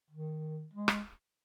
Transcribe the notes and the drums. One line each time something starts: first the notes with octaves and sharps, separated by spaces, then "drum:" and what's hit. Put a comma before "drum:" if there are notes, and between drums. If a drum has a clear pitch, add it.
D#3
G#3
drum: rim click